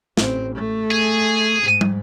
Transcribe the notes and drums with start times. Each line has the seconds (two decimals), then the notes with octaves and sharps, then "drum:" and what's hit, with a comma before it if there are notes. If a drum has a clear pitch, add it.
0.17 A1 C4, drum: snare
0.56 A3
0.91 G#4
1.62 G#2
1.81 drum: tom